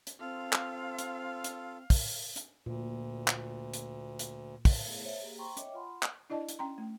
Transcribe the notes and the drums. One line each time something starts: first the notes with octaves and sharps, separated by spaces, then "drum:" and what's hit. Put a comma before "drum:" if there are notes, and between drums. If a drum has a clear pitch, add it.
drum: hi-hat
C4 F4 A4 F5
drum: clap
drum: hi-hat
drum: hi-hat
drum: kick, open hi-hat
drum: hi-hat
D2 A#2
drum: clap
drum: hi-hat
drum: hi-hat
drum: kick, open hi-hat
A3 B3 E4 G#4
C5 C#5 E5
A#3 G4 G#4
C5 G5 A#5 C6 C#6
C#5 D#5 E5 G5 D6, drum: hi-hat
F4 F#5 G#5 B5 C6
drum: clap
D4 E4 D5 D#5 A5
drum: hi-hat
C#4 G5 A#5 C6
A3